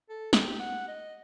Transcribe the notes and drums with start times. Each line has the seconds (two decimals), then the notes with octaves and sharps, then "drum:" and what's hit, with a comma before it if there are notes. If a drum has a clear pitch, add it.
0.10 A4
0.33 G4, drum: snare
0.60 F#5
0.88 D#5